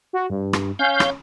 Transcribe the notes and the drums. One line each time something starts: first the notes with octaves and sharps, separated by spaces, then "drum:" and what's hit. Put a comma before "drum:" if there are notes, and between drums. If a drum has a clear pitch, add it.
F#4
G2
drum: rim click
C#4 F5 G6
drum: rim click